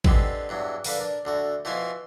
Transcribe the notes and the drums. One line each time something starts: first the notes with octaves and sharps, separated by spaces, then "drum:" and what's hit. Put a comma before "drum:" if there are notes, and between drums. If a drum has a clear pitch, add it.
D3 G3 G#3 B3 C4, drum: kick A1
E2 G2 F#3
D4 A4 B4 F5 F#5 A#5, drum: open hi-hat
D4 A#4
D2 D3 F#4
B2 E3 F3 C5 G#5